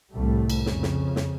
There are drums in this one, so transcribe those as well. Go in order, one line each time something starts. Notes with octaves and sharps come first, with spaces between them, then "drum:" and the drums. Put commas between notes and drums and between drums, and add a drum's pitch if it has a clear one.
C2 A2 G3 A3
drum: cymbal
F2 C#3, drum: snare
drum: snare
drum: snare